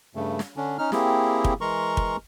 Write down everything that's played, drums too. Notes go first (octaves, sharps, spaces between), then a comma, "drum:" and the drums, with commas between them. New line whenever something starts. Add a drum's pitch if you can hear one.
G2 C#3 A3
drum: snare
D3 C#4 D4
C#4 D#4 F6
A#3 C4 E4 G4 G#4, drum: snare
drum: kick
E3 G#3 A#4 A#5 C6 C#6
drum: kick